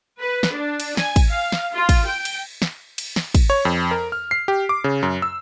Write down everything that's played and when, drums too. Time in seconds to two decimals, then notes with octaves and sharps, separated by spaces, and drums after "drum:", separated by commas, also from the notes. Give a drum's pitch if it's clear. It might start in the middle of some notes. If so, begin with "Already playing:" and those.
0.19 B4
0.43 drum: snare
0.54 D4
0.80 drum: cymbal
0.97 G#5, drum: snare
1.16 drum: kick, cymbal
1.30 F5
1.52 drum: snare
1.74 F4
1.89 drum: kick, cymbal
2.07 G5
2.25 drum: cymbal
2.62 drum: snare
2.98 drum: cymbal
3.16 drum: snare
3.35 drum: kick, cymbal
3.50 C#5
3.65 F2
3.91 A#4
4.12 F6
4.31 C7
4.48 G4
4.69 D6
4.84 C#3
5.03 F#2
5.22 E6